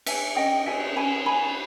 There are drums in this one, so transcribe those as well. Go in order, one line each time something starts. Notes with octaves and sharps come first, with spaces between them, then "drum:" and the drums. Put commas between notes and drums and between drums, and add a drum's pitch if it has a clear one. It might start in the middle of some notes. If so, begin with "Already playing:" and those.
B4 E5 G#5, drum: cymbal
C#4 D#5 G5
G#4 E5 G#5, drum: cymbal
C#4 G#5 B5
D#4 G#5 B5